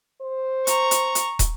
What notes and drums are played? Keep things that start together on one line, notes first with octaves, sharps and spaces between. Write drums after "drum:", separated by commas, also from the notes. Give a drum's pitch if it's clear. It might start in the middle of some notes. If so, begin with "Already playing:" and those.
C5
A#5 C#6, drum: hi-hat
drum: hi-hat
drum: hi-hat
drum: kick, hi-hat